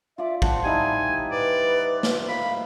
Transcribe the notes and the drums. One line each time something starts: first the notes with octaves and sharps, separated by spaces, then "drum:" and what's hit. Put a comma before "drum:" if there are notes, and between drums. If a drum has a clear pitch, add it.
F4 D5 E5 D6
C5 F#5 A5, drum: kick
G3 D#4 E4 G#5
B4 D5
drum: snare
F5 B5